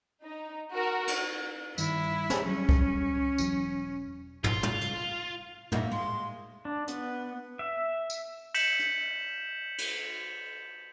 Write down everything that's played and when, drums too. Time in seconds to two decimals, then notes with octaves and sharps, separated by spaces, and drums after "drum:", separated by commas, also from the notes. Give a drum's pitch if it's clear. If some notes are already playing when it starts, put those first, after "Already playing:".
0.24 D#4
0.74 F#4 A#4
1.07 drum: cymbal
1.78 G2 D#3 E4, drum: tambourine
2.30 drum: snare
2.46 F#3 G3 C#4
2.69 drum: kick C2
3.38 E1 E3 F#3, drum: tambourine
4.44 F4, drum: tom
4.63 drum: tom
4.81 drum: hi-hat
5.72 A#3 D#4 F#4 E5, drum: tom
5.92 G#3 C6
6.65 D4
6.88 B3, drum: hi-hat
7.59 E5
8.10 drum: tambourine
8.55 G6 B6 C#7 E7 F#7, drum: cymbal
8.79 drum: hi-hat
9.78 drum: cymbal